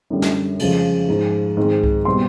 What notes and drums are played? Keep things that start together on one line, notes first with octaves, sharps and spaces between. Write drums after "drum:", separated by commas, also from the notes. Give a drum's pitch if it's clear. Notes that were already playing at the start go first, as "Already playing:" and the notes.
F#2 D3 G3
drum: snare
F2 C#3 F3 G#3, drum: cymbal
G#2 F3 G#3
G#2 D#3 G#3 C4
drum: kick C2
B2 G3 C4 C6